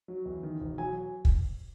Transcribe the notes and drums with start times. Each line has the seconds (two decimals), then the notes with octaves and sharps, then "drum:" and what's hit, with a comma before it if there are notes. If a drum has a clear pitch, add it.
0.08 F#3
0.26 E2
0.43 D#3
0.61 E1
0.78 F#3 G#5
1.25 drum: kick